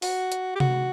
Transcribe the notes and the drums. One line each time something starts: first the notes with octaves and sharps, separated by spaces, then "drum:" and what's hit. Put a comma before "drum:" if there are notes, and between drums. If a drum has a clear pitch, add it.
F#4, drum: open hi-hat
drum: hi-hat
G4
F#4, drum: tom C3